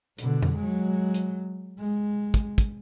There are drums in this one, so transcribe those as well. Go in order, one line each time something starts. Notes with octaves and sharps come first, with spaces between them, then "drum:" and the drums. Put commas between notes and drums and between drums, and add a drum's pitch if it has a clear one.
B2 D3, drum: hi-hat
drum: tom F2
F#3 G#3
drum: hi-hat
G#3
drum: kick, hi-hat
drum: kick, hi-hat